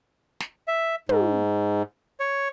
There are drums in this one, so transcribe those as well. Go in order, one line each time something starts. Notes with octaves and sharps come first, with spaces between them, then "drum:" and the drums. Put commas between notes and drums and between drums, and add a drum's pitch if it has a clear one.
drum: snare
E5
G#2, drum: tom
C#5